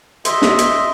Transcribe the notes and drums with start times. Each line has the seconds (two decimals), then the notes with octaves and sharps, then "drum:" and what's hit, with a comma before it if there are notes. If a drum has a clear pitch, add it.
0.25 D#5 E5 C6, drum: hi-hat
0.42 drum: snare
0.59 drum: hi-hat